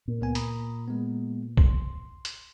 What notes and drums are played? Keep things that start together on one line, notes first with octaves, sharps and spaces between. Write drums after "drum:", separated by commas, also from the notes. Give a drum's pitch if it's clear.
A#2
C#2 B3 G#5
A#5 B5 D#6, drum: hi-hat
G#3 B3
C6, drum: kick B1
drum: hi-hat